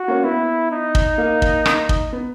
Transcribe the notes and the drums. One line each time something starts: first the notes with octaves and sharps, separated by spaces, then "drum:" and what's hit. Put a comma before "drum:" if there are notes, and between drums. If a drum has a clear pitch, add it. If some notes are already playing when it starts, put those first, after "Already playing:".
Already playing: F#4
A#3 C#4
B3 E4
D#4
drum: kick
A#3
drum: kick
drum: rim click
drum: kick
B3